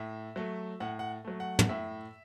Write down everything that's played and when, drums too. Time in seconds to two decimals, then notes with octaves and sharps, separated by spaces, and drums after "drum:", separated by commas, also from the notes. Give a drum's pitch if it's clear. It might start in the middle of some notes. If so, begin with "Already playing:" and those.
Already playing: A2 E5
0.36 F#3 A3
0.80 A2 F#5
0.99 F#5
1.25 F#3 A3
1.40 F#5
1.59 drum: tom
1.69 A2 E5